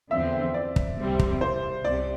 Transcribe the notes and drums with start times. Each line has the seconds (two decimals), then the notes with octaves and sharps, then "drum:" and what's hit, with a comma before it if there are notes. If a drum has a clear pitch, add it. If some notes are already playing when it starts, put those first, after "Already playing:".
0.11 E2 D3 F3 C4 E5
0.54 D5
0.76 drum: kick
0.98 C2 C3 G3 C4
1.19 drum: kick
1.41 C5
1.85 C2 C3 D5